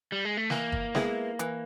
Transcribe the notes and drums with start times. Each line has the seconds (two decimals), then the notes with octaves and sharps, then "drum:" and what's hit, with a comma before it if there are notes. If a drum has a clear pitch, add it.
0.12 G3
0.25 G#3
0.37 A3
0.50 E3 A#3, drum: snare
0.72 drum: kick
0.95 G#3 B3 E4 G#4, drum: snare
1.39 E3, drum: hi-hat